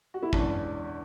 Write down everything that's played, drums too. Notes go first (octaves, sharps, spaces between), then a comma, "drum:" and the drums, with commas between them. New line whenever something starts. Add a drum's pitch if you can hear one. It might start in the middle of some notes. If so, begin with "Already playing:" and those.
F#4
E4
E2 D3 G#3 C#4 D4, drum: kick